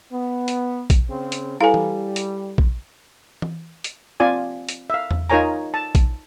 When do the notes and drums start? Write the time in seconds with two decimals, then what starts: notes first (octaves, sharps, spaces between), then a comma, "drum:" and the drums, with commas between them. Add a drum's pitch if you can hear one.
0.12 B3
0.48 drum: hi-hat
0.90 drum: kick A#1, hi-hat
1.10 C#3 C4
1.32 drum: hi-hat
1.61 G3 E4 A4 B4 F5 G#5
1.74 drum: tom E3
2.16 drum: hi-hat
2.58 drum: kick A#1
3.42 drum: tom E3
3.84 drum: hi-hat
4.20 C4 F4 D5 G#5
4.69 drum: hi-hat
4.90 E5 F5
5.11 drum: tom E2
5.30 D#4 F4 A#4 C#5 G#5 A#5
5.74 A5
5.95 drum: kick A#1, hi-hat